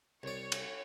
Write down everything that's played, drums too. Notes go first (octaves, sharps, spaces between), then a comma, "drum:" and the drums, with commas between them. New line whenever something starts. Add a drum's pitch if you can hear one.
C2 C#5 D5
drum: cymbal